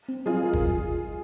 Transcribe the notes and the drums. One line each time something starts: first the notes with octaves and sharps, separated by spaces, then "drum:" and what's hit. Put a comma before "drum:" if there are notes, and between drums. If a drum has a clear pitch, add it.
C4
F#3 F4 G#4
A#4
drum: kick